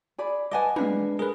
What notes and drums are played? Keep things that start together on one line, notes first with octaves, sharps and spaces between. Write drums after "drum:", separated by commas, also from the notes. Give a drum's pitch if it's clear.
G#4 D5 B5
B4 D#5 F#5 G#5 A5 D6
G#3 D4 B4 F5, drum: tom
G#4 A#4 B4